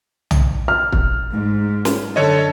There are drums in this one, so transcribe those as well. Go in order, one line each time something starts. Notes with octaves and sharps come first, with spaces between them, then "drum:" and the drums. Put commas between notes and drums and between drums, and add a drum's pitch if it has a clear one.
drum: tom
F6
drum: kick
G#2
drum: snare
F#2 D3 A4 C#5 D#5